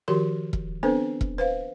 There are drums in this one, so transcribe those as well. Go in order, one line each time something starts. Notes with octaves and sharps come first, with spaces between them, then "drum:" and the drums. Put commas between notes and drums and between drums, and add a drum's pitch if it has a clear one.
D#3 F3 F#4 G4 A#4 C6
drum: kick E1
B3 C4 D4 A4 B4 C5
drum: kick E1
B4 C5 F5